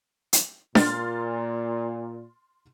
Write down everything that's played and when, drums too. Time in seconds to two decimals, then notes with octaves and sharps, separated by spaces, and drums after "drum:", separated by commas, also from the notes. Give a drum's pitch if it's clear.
0.33 drum: hi-hat
0.75 A#2 C6 F6 A6, drum: snare D4